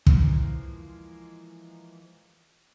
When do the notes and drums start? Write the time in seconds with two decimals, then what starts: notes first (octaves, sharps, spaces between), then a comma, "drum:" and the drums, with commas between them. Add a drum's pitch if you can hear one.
0.07 E3 F3 G#3 A#3, drum: kick